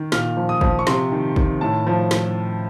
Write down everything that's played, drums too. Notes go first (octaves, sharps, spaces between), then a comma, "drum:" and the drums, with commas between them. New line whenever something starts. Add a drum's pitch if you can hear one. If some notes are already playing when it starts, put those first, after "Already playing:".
Already playing: D#3
A#2 F6, drum: snare
F3
D#6
F3, drum: kick
C#6
C3 C6, drum: snare
D#3
D#3, drum: kick
A2 A5
F3
drum: snare